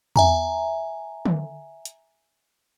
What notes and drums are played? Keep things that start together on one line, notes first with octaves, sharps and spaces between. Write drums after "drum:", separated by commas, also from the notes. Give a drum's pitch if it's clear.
E5 G#5 A#5, drum: tom E2
drum: tom
drum: hi-hat